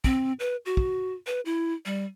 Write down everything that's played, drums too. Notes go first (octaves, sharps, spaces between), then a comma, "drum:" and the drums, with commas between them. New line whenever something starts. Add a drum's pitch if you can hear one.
C4, drum: kick
B4
F#4
drum: kick
B4
E4
G3